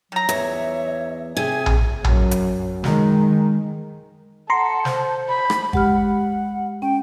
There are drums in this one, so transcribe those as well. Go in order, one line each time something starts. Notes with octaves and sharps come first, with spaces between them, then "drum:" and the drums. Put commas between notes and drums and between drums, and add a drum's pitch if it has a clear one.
D#3 F#3 A#5
E2 C#5 E5, drum: hi-hat
C3 G#4 G#5
drum: tom A#1
F#2, drum: tom A#1
drum: hi-hat
D#3 G#3, drum: snare
A4 F#5 A#5 C6
C5, drum: snare
B5
drum: rim click
G#3 G4 F#5 F6, drum: kick G#1
C#4 G5